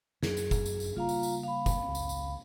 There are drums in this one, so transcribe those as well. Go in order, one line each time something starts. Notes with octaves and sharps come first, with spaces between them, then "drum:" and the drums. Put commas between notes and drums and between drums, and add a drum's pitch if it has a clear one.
F#2 F#3 G#4, drum: snare
drum: tambourine
drum: kick, tambourine
drum: tambourine
drum: tambourine
C#3 G3 A#3 F4 F5 A#5
drum: tambourine
drum: tambourine
F5 B5
drum: kick, tambourine
C#2 C4
drum: tambourine
drum: tambourine